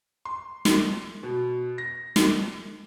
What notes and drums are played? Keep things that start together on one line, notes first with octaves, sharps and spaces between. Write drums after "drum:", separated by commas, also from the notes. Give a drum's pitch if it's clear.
C6
drum: snare
B2
A#6
drum: snare